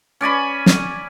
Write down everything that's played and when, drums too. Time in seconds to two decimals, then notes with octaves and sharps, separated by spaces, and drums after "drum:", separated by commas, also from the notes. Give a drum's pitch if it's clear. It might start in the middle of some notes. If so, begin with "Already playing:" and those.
0.21 C#4 D5 G#5 B5
0.66 drum: snare